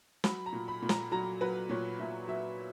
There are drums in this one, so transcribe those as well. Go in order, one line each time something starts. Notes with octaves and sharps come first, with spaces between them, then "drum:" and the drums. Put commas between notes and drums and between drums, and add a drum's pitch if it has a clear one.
F#3 B5, drum: snare
A#5
A#2
B5
A#2
A#5, drum: snare
F#3 A#5
F#3 B4
A#2 C#5
A#2 E5
F#3 E5